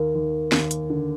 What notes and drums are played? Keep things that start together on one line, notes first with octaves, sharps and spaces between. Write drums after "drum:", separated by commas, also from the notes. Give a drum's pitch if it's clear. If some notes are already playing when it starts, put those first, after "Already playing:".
Already playing: D#2 A#4
D#2
D#2, drum: snare
drum: hi-hat
D3